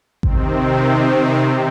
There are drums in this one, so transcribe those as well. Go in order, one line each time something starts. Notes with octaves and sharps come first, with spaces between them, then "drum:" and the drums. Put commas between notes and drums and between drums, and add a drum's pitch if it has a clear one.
C3 D#3 C4, drum: kick A1
C3